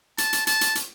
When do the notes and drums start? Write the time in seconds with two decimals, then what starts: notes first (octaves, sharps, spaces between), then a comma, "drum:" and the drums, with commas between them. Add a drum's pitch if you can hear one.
0.18 A5, drum: hi-hat
0.33 drum: hi-hat
0.47 A5, drum: hi-hat
0.61 drum: hi-hat
0.75 drum: hi-hat